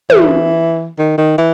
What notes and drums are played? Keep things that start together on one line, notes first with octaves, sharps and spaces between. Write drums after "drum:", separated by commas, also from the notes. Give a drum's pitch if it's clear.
E3, drum: tom
D#3
D#3
E3